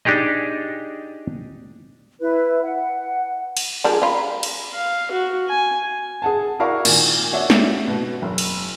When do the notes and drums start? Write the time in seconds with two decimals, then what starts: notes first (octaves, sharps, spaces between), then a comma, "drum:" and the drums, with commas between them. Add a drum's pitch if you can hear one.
0.05 D4 D#4 G4 G#4 D#5
2.21 E4 B4
2.63 F#5
3.57 drum: cymbal
3.84 G3 D4 F4 G#4 A#4
4.02 C#4 F4 A#5 B5
4.43 drum: cymbal
4.75 F5
5.11 F#4
5.49 G#5
6.22 G#4 F#5 A5
6.60 E4 F#4 A#4 D5 F5 C#6
6.85 A#2 D#3 G#5, drum: cymbal
7.33 F#4 C#5 D5 E5
7.50 drum: snare
7.88 B2
8.22 F#1
8.38 drum: cymbal